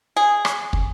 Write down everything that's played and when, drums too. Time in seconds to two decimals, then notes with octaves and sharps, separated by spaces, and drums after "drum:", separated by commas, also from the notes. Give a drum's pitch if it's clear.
0.16 G#4
0.45 drum: rim click
0.73 drum: kick